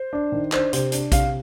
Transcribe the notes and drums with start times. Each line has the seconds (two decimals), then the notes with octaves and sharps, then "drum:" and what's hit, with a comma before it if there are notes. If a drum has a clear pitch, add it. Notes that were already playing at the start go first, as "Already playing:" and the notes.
Already playing: C5
0.13 D4
0.32 D#3
0.52 D4 C5, drum: clap
0.73 C3 C5, drum: hi-hat
0.92 D4, drum: hi-hat
1.12 C3 F5, drum: kick A#1, hi-hat